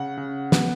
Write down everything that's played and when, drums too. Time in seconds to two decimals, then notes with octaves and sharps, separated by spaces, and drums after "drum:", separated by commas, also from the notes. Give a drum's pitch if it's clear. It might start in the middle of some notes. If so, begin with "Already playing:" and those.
Already playing: C#3 F#5
0.18 C#3
0.52 B3, drum: snare